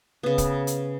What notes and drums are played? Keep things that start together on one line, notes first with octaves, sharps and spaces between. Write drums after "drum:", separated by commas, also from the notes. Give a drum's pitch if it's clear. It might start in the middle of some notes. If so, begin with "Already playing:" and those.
C#3 B3
drum: kick, hi-hat
drum: hi-hat